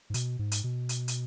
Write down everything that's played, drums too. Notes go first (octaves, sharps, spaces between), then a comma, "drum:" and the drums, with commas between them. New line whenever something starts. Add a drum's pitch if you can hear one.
G#2
B2, drum: hi-hat
G#2
drum: hi-hat
B2
drum: hi-hat
drum: hi-hat